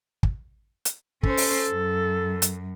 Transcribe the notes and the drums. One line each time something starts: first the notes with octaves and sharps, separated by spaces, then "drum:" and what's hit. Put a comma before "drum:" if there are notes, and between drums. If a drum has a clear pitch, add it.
drum: kick
drum: hi-hat
C#4 A4 C5, drum: kick
drum: open hi-hat
F#2
drum: hi-hat